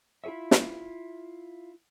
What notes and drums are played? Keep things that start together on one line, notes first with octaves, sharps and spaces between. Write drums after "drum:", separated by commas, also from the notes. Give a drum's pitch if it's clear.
E4 F4 G#4 C#5 E5
drum: snare